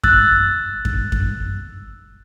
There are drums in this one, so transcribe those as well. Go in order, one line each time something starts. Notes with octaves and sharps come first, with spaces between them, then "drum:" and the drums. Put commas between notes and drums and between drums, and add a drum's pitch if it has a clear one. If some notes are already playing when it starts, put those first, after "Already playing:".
E6 F#6 A6, drum: kick F#2
drum: kick F#2
drum: kick F#2